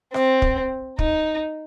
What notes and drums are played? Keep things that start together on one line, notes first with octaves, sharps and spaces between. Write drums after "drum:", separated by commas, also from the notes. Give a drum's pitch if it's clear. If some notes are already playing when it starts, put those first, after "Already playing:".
C4, drum: rim click
drum: kick
D#4, drum: kick